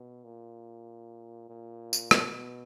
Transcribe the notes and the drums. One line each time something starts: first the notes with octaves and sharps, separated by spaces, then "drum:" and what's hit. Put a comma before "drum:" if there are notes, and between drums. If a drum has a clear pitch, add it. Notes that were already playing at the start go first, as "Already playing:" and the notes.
Already playing: B2
A#2
A#2
drum: tambourine
B2, drum: rim click